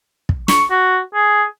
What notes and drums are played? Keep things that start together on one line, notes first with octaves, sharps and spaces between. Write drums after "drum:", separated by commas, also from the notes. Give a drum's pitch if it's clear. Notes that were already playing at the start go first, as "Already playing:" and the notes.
drum: kick
C#6, drum: snare
F#4
G#4